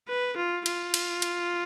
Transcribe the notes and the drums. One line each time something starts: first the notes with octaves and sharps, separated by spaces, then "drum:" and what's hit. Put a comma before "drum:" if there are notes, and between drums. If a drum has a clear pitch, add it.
B4
F4
F4, drum: cymbal
drum: cymbal
drum: cymbal